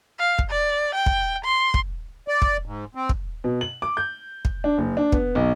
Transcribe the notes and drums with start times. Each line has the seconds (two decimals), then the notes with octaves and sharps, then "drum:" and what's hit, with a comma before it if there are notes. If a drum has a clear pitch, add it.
0.19 F5
0.39 drum: kick
0.50 D5
0.95 G5
1.06 drum: kick
1.45 C6
1.74 drum: kick
2.28 D5
2.42 drum: kick
2.66 G#2
2.95 C4
3.09 drum: kick
3.44 B2
3.61 F#7
3.82 D6
3.97 G6
4.45 drum: kick
4.64 D4
4.78 F#1
4.97 D4
5.12 B3, drum: kick
5.35 B1